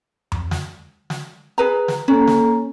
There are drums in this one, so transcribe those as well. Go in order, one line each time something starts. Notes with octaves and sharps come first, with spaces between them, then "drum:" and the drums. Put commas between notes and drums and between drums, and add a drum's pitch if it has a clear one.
drum: tom F2
drum: snare
drum: snare
G#4 B4 A#5
drum: snare
A#3 C#4 A4 A#5
drum: snare